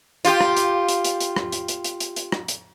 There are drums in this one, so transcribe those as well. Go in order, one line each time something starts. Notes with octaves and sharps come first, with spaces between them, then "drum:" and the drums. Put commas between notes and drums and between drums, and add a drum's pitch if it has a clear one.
F4 G4, drum: hi-hat
drum: rim click
drum: hi-hat
drum: hi-hat
drum: hi-hat
drum: hi-hat
drum: rim click
drum: hi-hat
drum: hi-hat
drum: hi-hat
drum: hi-hat
drum: hi-hat
drum: rim click
drum: hi-hat